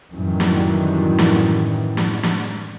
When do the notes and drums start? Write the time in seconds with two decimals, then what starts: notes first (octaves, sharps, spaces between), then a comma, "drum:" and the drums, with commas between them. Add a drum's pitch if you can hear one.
0.14 F#2 A2 D#3 E3 F#3 G3
0.40 drum: snare
1.18 drum: snare
1.97 drum: snare
2.23 drum: snare